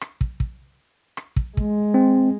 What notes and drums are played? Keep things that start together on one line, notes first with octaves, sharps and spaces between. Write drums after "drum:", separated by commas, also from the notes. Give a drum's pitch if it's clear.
drum: rim click
drum: kick
drum: kick
drum: rim click
drum: kick
G#3, drum: kick
C4